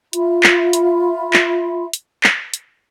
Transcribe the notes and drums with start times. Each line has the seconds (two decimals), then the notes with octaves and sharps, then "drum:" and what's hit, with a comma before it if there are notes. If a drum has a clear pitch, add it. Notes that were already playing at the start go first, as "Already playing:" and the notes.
0.13 F4 E5 B5 C6, drum: hi-hat
0.43 drum: clap
0.73 drum: hi-hat
1.33 drum: clap
1.93 drum: hi-hat
2.23 drum: clap
2.54 drum: hi-hat